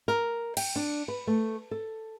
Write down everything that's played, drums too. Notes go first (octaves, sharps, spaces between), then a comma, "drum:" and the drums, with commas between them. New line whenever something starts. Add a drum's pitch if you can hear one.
A#4
G5, drum: cymbal
D4
B4
A3
A4